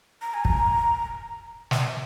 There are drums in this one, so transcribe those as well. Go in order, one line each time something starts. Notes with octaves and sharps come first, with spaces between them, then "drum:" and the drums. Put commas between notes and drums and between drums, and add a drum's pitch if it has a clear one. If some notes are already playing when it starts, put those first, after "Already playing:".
A#5
G#5
A#5, drum: kick
drum: snare